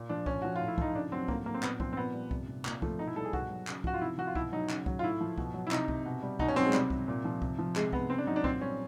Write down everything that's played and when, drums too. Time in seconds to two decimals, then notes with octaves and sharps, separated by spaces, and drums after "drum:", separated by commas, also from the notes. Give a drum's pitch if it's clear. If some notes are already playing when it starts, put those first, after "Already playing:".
Already playing: A#2
0.09 F3 D4
0.26 A#2 C#4, drum: kick C2
0.42 F3 F#4
0.56 A2 F4
0.68 E4
0.78 F3 D#4, drum: kick C2
0.95 C#3 D4
1.12 F#3 C4
1.28 A2 A#3, drum: kick C2
1.46 F#3 A#3
1.54 C4
1.63 A#2 B3, drum: clap
1.80 F3 C4, drum: kick C2
1.93 C4
1.97 A#2 B3
2.14 G3
2.31 C3, drum: kick C2
2.48 C3
2.65 A#2 A#3, drum: clap
2.82 F3 A3, drum: kick C2
2.99 B2 D#4
3.07 E4
3.16 G3 A4
3.25 G#4
3.33 B2 F#4, drum: kick C2
3.51 F#3
3.67 C#3, drum: clap
3.84 F3 F#4, drum: kick C2
3.94 F4
4.01 C3 E4
4.18 F3 F#4
4.27 F4
4.35 B2 E4, drum: kick C2
4.52 F#3 D#4
4.70 C#3, drum: clap
4.86 F#3, drum: kick C2
4.99 F4
5.03 A2 E4
5.21 F3
5.38 B2, drum: kick C2
5.54 F#3
5.67 E4
5.71 C3 D#4, drum: clap
5.88 C3, drum: kick C2
6.06 B2
6.23 G3
6.39 B2 D#4, drum: kick C2
6.48 C#4
6.56 F#3 C4
6.65 G#3
6.73 C3 G3, drum: clap
6.90 C3, drum: kick C2
7.08 A#2
7.25 F3
7.42 C3, drum: kick C2
7.59 F3
7.76 C3 G#3, drum: clap
7.93 C3 B3, drum: kick C2
8.10 C#3 C4
8.18 D4
8.27 F#3 D#4
8.36 D4
8.44 A#2 C4, drum: kick C2
8.61 G3 C#4